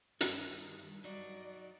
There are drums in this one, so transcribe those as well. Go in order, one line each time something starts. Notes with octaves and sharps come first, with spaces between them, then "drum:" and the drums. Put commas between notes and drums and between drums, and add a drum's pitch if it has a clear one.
G2 D#3, drum: hi-hat
F#3 D#4 F#4 D5